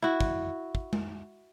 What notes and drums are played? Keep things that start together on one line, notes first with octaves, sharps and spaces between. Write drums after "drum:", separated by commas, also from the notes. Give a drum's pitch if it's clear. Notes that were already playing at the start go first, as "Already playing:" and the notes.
E4 F#4
drum: kick
drum: kick
drum: tom G#3